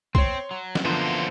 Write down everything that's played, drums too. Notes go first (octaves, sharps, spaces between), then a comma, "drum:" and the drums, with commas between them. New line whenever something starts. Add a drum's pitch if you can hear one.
C4 C#5 C6, drum: kick B1
F#3
drum: snare
F#2 D3 E3 F3 A#3 B3 C5